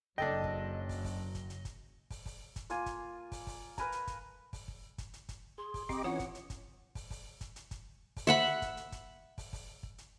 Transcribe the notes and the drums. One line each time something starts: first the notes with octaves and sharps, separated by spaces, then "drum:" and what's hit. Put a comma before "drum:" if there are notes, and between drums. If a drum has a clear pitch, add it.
F#1 F#3 D4 A4 D#5 G5
drum: kick
drum: kick, open hi-hat
drum: kick, open hi-hat
drum: kick, hi-hat
drum: hi-hat
drum: kick, hi-hat
drum: kick, open hi-hat
drum: kick, open hi-hat
drum: kick, hi-hat
A#3 F4 G#5, drum: hi-hat
drum: kick, hi-hat
drum: kick, open hi-hat
drum: kick, open hi-hat
A#4 B4 G#5 A#5, drum: kick, hi-hat
drum: hi-hat
drum: kick, hi-hat
drum: kick, open hi-hat
drum: kick
drum: kick, hi-hat
drum: hi-hat
drum: kick, hi-hat
G#4 C6
drum: kick, open hi-hat
C4 G4 D#5 D6, drum: kick, open hi-hat
E3 C#4 F4 C#5 F#5
drum: kick, hi-hat
drum: hi-hat
drum: kick, hi-hat
drum: kick, open hi-hat
drum: kick, open hi-hat
drum: kick, hi-hat
drum: hi-hat
drum: kick, hi-hat
drum: kick, open hi-hat
E5 F#5 B5
drum: kick, hi-hat
drum: hi-hat
drum: kick, hi-hat
drum: kick, open hi-hat
drum: kick, open hi-hat
drum: kick
drum: hi-hat